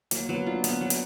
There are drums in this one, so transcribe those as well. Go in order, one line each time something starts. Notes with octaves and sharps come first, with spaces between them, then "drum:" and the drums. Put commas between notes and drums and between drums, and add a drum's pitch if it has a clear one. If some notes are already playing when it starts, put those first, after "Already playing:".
F#3 A#3, drum: hi-hat
F#3 B3
D4 F4
B3, drum: hi-hat
F#3
drum: hi-hat